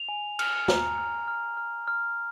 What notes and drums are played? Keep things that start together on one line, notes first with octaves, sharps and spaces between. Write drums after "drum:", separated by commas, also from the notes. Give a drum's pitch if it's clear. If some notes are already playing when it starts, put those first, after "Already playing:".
Already playing: F7
G#5
F6, drum: cymbal
A#5, drum: snare
F6
F6
F6
F6